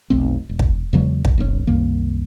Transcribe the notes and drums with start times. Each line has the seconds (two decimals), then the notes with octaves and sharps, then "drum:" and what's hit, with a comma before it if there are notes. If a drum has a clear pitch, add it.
0.10 F1 B1 A3 C4
0.49 E1
0.59 drum: kick
0.93 E2 C#3 F#3 G#3
1.25 drum: kick
1.38 F#1 B1 A#2 C#4
1.67 C2 F#2 D#3 A#3